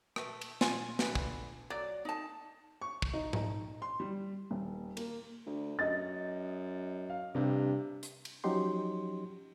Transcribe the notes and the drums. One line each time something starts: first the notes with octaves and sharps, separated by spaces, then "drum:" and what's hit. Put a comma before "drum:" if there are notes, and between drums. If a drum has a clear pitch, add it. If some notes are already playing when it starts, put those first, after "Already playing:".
A3 B4, drum: rim click
drum: cymbal
F4 G#5, drum: snare
D3 E3 B4, drum: snare
drum: kick
F#3 D5
D#4 A5
C#6
drum: kick
D#4
D#4, drum: tom G#2
C6
G3
D#1
A#3, drum: cymbal
D2
F#2 D#5 A6
F5
G2 C3
drum: hi-hat
drum: cymbal
F3 F#3 C#4 D#4 G4 C6